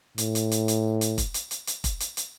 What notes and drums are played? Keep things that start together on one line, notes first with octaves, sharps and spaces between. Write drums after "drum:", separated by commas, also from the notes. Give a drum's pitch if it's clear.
A2, drum: hi-hat
drum: hi-hat
drum: hi-hat
drum: hi-hat
drum: hi-hat
drum: kick F1, hi-hat
drum: hi-hat
drum: hi-hat
drum: hi-hat
drum: kick F1, hi-hat
drum: hi-hat
drum: hi-hat